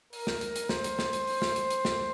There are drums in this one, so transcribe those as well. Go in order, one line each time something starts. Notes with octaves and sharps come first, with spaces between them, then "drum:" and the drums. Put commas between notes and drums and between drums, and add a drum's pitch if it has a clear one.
A#4, drum: open hi-hat
drum: snare
drum: hi-hat
drum: hi-hat
C5, drum: snare
drum: hi-hat
drum: snare
drum: hi-hat
drum: open hi-hat
drum: snare
drum: hi-hat
drum: hi-hat
drum: snare